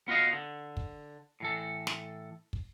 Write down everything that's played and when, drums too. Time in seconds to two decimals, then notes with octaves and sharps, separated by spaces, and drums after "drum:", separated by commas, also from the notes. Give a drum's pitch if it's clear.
0.08 B3 F4 F#4 C#5 D#5 F5
0.33 D3
0.77 drum: kick
1.40 A2 E3 A4
1.87 drum: snare
2.53 drum: kick